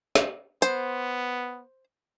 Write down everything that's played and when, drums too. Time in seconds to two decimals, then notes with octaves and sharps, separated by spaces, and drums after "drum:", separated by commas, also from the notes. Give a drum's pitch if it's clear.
0.15 drum: snare
0.62 B3 C5, drum: hi-hat